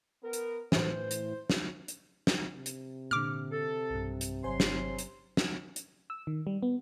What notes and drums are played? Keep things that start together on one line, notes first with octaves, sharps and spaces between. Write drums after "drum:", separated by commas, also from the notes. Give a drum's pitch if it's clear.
B3 A#4
drum: hi-hat
A2 E3 C5, drum: snare
drum: hi-hat
drum: snare
drum: hi-hat
drum: snare
C3
drum: hi-hat
A#2 D3 D6 F6
A4
B1 G2
drum: hi-hat
G1 F#3 C5 G#5 C6
drum: snare
drum: hi-hat
drum: snare
drum: hi-hat
E6
D#3
G3
B3